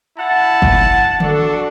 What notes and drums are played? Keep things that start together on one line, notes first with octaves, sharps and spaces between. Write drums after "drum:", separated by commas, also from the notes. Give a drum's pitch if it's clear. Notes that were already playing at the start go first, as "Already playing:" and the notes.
E4 F#5 A5
drum: kick F#1
D4 F#4 A4, drum: tom D3